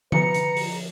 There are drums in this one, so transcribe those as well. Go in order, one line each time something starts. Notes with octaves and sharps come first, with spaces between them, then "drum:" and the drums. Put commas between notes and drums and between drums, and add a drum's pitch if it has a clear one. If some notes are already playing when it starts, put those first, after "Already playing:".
F3 B4 A#5 C#7, drum: tom D3
drum: hi-hat
drum: open hi-hat